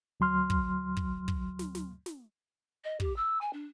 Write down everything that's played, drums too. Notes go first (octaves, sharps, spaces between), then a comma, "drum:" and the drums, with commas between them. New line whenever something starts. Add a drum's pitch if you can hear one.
D2 F#3 C6 F6
drum: kick
drum: kick
drum: kick
drum: snare
drum: snare
drum: snare
D#5
G4, drum: kick
E6
G#5
D4